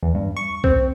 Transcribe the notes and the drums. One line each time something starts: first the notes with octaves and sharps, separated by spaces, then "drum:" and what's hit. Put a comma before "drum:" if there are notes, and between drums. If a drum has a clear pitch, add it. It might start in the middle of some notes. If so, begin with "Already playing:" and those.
E2
G2
C#6
C4, drum: kick C2